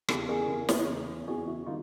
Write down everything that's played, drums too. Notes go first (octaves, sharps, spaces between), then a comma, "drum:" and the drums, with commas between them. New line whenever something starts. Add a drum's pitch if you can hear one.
E2 C#3 E3 G4 A4, drum: rim click
G#4 A#4
E2 C#3 E3
drum: snare
E2 C#3 E3
E2 C#3 E3 F#4 G#4
E4 F#4
D#3 G3 A#3 D#4 F4